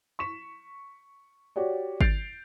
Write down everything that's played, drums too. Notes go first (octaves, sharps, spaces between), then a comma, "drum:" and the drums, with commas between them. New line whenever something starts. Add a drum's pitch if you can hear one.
C#6 B6 E7
F#4 G4 C#5 D5
G6 A6 C7 D7 F7, drum: kick G#1